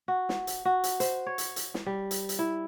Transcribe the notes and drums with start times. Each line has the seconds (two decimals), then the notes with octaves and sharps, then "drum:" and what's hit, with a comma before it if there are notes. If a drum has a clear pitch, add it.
0.08 F#4
0.29 drum: snare
0.47 drum: hi-hat
0.65 F#4
0.84 drum: hi-hat
1.00 C5, drum: hi-hat
1.26 C#5
1.38 drum: hi-hat
1.56 drum: hi-hat
1.74 drum: snare
1.86 G3
2.11 drum: hi-hat
2.29 drum: hi-hat
2.39 E4